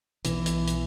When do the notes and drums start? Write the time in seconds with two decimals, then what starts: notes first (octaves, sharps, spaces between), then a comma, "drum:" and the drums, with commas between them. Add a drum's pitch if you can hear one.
0.25 B1 B2 E3, drum: hi-hat
0.46 drum: hi-hat
0.68 drum: hi-hat